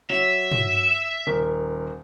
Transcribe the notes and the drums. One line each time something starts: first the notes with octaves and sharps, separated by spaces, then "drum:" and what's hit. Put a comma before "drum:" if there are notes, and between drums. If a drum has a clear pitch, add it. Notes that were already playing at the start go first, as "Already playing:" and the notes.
F#3 E5
drum: tom
D#1 A#4